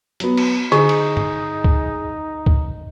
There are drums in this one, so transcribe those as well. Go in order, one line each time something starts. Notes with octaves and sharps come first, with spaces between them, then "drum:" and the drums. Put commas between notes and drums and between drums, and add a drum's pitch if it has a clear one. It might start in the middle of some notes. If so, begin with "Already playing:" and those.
F#3 B3, drum: hi-hat
drum: cymbal
D3 D#4 G#4, drum: hi-hat
drum: cymbal
drum: tom G2
drum: kick C#2
drum: kick C#2